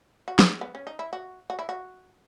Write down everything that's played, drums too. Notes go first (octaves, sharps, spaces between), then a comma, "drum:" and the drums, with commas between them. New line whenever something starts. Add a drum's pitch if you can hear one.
F#4
G#4, drum: snare
B3
C#4
D#4
E4
F#4
F#4
E4
F#4